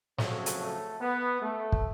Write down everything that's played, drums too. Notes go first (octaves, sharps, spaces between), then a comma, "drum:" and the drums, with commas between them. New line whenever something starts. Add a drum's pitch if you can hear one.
F2 C#3 F#3 A3, drum: snare
drum: hi-hat
A3
B3
A3
drum: kick